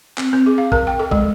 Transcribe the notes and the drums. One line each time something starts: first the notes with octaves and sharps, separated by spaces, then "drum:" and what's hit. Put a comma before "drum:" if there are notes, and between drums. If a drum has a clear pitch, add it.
C4, drum: clap
C4
G#4
F5
A#4, drum: kick A#1
G5
A4
G#3, drum: kick A#1